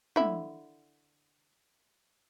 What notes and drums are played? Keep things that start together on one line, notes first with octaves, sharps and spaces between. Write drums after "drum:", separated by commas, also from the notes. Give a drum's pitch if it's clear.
D3 E4, drum: tom